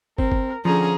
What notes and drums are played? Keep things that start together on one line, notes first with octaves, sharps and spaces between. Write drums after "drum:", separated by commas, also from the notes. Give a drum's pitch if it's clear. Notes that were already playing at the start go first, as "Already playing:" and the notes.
C4 A#4, drum: kick
drum: kick
D3 F3 C#4 G#4 A#5